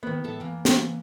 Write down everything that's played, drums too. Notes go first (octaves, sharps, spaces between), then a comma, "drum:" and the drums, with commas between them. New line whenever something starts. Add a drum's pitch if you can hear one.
D#3 B3 E4
A2 A4 E5
E3 A#3
drum: snare